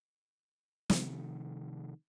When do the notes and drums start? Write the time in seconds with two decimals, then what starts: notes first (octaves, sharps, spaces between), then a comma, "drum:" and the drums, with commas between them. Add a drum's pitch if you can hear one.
0.90 C3 D#3 F3 A3, drum: snare